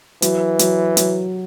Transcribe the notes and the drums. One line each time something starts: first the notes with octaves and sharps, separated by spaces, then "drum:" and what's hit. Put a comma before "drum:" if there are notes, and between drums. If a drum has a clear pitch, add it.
E3 F#3, drum: hi-hat
F#3, drum: hi-hat
F#3, drum: hi-hat